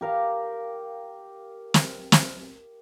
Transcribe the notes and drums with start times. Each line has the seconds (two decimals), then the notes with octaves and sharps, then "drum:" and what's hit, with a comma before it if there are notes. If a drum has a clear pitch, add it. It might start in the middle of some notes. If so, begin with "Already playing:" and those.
0.01 G4 A#4 F5
1.74 drum: snare
2.12 drum: snare